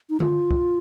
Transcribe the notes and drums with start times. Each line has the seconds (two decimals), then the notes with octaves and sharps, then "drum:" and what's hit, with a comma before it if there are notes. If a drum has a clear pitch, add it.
0.10 D#4
0.20 F4, drum: tom D3
0.51 drum: kick C2